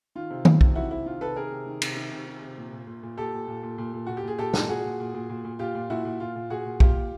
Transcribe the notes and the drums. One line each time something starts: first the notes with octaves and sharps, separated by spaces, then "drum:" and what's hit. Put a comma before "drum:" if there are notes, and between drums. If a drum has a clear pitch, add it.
D#3 F4
C3
D#3, drum: tom D#3
C3, drum: kick B1
D#3 E4 F#4
C3 E4
D#3 F4
C3 A4 B4
D#3 G#4 A#4
C3
D#3
C3, drum: cymbal
D#3
C3
D#3
C3
A#2
A#2
A#2
A#2
A#2 G4 A4
A#2
A#2
A#2
A#2
A#2
A#2 F#4
G4
A#2 G#4
A#2 G4 A4
A#2, drum: snare
A#2 F#4 G#4
A#2
A#2
A#2
A#2
A#2
A#2 F4 G4
A#2
A#2 E4 F#4
A#2
A#2 F4
A#2
A#2 F#4 G#4
A#2
A#2 F4 G4, drum: kick B1
A#2